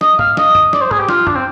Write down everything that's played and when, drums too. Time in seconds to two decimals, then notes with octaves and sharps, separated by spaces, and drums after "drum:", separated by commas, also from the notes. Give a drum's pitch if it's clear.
0.01 D#5, drum: snare
0.19 F5, drum: tom
0.37 D#5, drum: snare
0.55 drum: tom
0.73 D5, drum: snare
0.81 C5
0.91 G#4, drum: tom
0.99 G4
1.09 F4, drum: snare
1.27 D4, drum: tom
1.35 C4